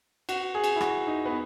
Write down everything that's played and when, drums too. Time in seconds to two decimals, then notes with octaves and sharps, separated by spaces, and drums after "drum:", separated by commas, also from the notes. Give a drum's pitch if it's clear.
0.29 F#4, drum: cymbal
0.55 G#4
0.64 drum: cymbal
0.76 E4
0.81 F#4, drum: rim click
1.07 D#4
1.25 B3